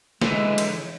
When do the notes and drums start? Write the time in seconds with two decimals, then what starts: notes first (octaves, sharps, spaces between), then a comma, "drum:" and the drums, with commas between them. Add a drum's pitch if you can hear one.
0.22 D3 E3 G#3, drum: snare
0.58 drum: cymbal